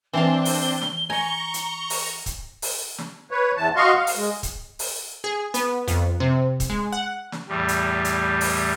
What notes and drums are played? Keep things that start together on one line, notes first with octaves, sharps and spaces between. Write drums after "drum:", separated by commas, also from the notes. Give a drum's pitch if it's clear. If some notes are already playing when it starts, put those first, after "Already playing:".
E3 C4 D4 F5 G7
drum: open hi-hat
drum: snare
G#5 A#5 C#6
drum: hi-hat
drum: open hi-hat
drum: kick, hi-hat
drum: open hi-hat
drum: snare
B4 C#5
E2 E3 A5
F#4 D#5 F5 C6 C#6
F5
drum: open hi-hat
G#3
drum: kick, hi-hat
drum: open hi-hat
G#4
B3, drum: hi-hat
F2, drum: hi-hat
C3
drum: kick, hi-hat
G#3
F#5
drum: snare
E2 A2 G3
drum: hi-hat
drum: hi-hat
drum: open hi-hat